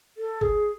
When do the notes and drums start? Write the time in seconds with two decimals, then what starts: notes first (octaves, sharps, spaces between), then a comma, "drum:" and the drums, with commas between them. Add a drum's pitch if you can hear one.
0.17 A4
0.41 G#4, drum: kick G1